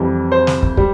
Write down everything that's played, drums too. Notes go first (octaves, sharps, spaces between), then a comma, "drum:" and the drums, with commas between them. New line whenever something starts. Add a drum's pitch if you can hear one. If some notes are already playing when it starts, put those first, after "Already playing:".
Already playing: F2 E3 G3
C5
drum: snare
drum: kick
G3, drum: kick